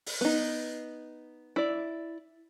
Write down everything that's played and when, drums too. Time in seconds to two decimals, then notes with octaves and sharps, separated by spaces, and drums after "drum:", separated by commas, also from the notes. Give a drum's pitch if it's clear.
0.06 drum: open hi-hat
0.21 B3 D#4
1.56 E4 D5